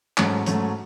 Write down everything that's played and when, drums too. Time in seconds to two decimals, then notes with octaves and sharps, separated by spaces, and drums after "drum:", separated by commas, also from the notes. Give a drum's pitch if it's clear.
0.18 G#2 F#3 A3 C#4, drum: clap
0.46 G#2 F#3 A3 C#4, drum: hi-hat